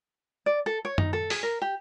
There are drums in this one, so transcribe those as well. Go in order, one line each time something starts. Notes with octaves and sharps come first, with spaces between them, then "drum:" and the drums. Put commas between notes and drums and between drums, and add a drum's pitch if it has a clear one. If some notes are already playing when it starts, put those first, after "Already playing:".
D5
A4
C#5
D#4, drum: tom F#2
A4
G#4, drum: open hi-hat
A#4
G4